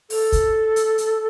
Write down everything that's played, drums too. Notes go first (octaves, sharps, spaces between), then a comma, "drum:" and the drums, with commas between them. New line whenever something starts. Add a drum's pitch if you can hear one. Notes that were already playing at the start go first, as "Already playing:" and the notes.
A4, drum: open hi-hat
drum: kick, hi-hat
drum: hi-hat
drum: hi-hat